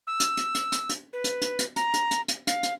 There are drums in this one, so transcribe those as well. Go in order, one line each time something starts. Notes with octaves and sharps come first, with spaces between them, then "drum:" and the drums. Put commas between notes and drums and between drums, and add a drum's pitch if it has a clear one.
E6
drum: hi-hat
drum: hi-hat
drum: hi-hat
drum: hi-hat
drum: hi-hat
B4
drum: hi-hat
drum: hi-hat
drum: hi-hat
A#5, drum: hi-hat
drum: hi-hat
drum: hi-hat
drum: hi-hat
F5, drum: hi-hat
drum: hi-hat